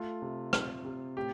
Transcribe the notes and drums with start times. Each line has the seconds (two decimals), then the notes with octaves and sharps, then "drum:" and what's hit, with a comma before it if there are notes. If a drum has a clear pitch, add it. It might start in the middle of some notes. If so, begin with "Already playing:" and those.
Already playing: A3 F4
0.22 C3
0.53 C3, drum: rim click
0.85 C3
1.17 A2 G4